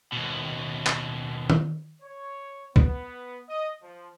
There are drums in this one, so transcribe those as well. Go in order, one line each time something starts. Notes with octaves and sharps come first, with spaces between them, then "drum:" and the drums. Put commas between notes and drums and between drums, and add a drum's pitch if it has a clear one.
D#2 B2
drum: clap
drum: tom
C#5
B3, drum: kick C2
D#5
F3